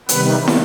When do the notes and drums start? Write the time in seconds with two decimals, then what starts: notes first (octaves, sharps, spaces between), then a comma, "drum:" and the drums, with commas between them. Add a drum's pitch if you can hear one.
0.09 C3 D#3 G3 B3 B4, drum: hi-hat
0.48 drum: snare